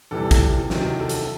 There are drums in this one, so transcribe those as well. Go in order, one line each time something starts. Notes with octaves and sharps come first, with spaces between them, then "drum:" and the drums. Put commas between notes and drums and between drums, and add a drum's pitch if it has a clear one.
E2 C3 E3 G3 A4
drum: kick, hi-hat
E2 C3 D#3 F#3, drum: snare
A4
drum: hi-hat